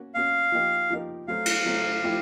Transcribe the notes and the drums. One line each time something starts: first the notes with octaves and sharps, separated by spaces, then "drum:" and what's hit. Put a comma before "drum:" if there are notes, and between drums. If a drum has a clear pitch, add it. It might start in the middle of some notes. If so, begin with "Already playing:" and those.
Already playing: A#3 C#4 F#4
A#3 C#4 F#4 F5
F3 A#3 D#4 G4 A#4
F3 A#3 D#4 G4 A#4
F#3 A3 C4 F5
drum: cymbal
F#3 A3 C4
F3 A3 C4 E4 G4